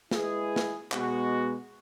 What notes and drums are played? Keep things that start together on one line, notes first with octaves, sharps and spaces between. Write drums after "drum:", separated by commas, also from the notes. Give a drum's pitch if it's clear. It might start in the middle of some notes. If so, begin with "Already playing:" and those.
G#3 E4 G#4 B4, drum: snare
drum: snare
B2 G#3 B3 F#4, drum: clap